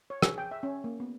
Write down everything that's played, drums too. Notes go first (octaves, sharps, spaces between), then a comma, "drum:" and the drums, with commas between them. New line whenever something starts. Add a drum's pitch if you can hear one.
C#5
G#4, drum: rim click
G5
E5
C#4
A#3
B3